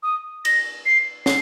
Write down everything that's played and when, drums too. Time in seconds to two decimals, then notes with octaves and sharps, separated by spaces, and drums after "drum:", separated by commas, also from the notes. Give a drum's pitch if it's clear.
0.03 D#6
0.45 A#6, drum: cymbal
0.86 C7
1.26 C7, drum: snare